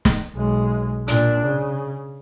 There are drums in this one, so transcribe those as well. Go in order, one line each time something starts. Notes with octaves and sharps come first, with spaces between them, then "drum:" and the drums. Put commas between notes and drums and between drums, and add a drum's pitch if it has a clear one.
drum: snare
B1 G#3
A#2 D4, drum: hi-hat
C#3